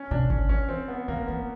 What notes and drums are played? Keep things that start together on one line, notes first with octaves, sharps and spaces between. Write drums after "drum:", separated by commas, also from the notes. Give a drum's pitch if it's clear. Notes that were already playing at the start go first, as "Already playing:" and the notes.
Already playing: C#4
C3 D4
C#3 C#4, drum: kick G#1
D#3 C#4
E3 C4
B3
D#3 A#3
E3 B3